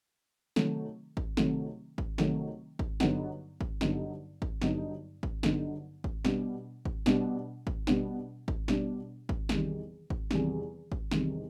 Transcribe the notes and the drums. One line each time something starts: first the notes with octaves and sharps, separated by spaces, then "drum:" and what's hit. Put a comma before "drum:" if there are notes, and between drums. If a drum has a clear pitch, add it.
C3 D#3 F#3 A3, drum: snare
drum: kick G#1
C3 D#3 F#3 A3, drum: snare
drum: kick G#1
C3 D#3 F#3 A3, drum: snare
drum: kick G#1
G2 D3 F#3 B3 D#4, drum: snare
drum: kick G#1
G2 D3 F#3 B3 D#4, drum: snare
drum: kick G#1
G2 D3 F#3 B3 D#4, drum: snare
drum: kick G#1
G2 D3 F#3 B3 D#4, drum: snare
drum: kick G#1
B2 G3 B3 D4, drum: snare
drum: kick G#1
B2 G3 B3 D4, drum: snare
drum: kick G#1
B2 G3 B3 D4, drum: snare
drum: kick G#1
B2 G3 B3 D4, drum: snare
drum: kick G#1
E2 C3 D#3 G3, drum: snare
drum: kick G#1
E2 C3 D#3 G3, drum: snare
drum: kick G#1
E2 C3 D#3 G3, drum: snare